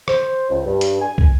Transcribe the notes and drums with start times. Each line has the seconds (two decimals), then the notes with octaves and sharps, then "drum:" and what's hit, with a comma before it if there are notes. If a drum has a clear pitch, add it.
0.08 C5, drum: rim click
0.50 C#2
0.66 G2
0.81 drum: hi-hat
1.02 G#5
1.18 drum: kick